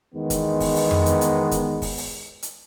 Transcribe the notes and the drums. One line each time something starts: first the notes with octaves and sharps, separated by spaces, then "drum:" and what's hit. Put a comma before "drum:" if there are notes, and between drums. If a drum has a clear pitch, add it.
E2 D#3 G#3 B3
drum: kick, hi-hat
drum: kick, open hi-hat
drum: open hi-hat
drum: tom F2
drum: hi-hat
drum: hi-hat
drum: kick, hi-hat
drum: kick, open hi-hat
drum: open hi-hat
drum: hi-hat